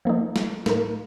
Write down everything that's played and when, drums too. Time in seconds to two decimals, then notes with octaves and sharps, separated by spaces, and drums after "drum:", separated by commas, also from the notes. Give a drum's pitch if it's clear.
0.05 F3 A#3 D#4
0.36 drum: snare
0.66 A2 A3 D#4 A#4, drum: snare